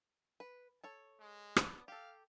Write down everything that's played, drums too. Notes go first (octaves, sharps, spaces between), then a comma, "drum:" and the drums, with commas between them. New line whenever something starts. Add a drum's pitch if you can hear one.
B4
A4 C#5
G#3
B3 D4, drum: rim click
G4 A4 F5